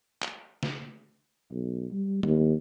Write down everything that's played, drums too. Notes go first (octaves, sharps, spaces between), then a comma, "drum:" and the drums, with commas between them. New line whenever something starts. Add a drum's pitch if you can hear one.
drum: clap
drum: snare
B1
G3
D#2, drum: tom